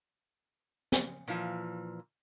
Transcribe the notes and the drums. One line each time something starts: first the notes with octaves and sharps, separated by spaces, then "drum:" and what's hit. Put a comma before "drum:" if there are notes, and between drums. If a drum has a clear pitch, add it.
drum: snare
A#2 E3 F3